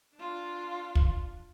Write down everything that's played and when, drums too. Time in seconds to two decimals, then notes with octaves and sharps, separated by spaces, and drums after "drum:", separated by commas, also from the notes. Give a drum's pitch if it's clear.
0.15 D4 F4
0.95 drum: kick